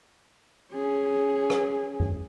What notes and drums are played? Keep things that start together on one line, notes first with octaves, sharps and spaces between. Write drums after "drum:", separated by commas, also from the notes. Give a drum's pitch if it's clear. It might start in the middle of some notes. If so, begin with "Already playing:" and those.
C#4 G#4
drum: rim click
drum: tom